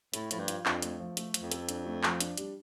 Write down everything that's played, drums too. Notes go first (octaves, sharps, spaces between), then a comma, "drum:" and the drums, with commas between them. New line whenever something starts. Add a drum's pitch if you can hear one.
A2 A3, drum: hi-hat
A2 F3, drum: hi-hat
G2
F4, drum: hi-hat
F2 D4, drum: clap
A3, drum: hi-hat
F3
A3, drum: hi-hat
F3, drum: hi-hat
F2
A4, drum: hi-hat
D4, drum: hi-hat
A3
F3, drum: clap
D4, drum: hi-hat
G3, drum: hi-hat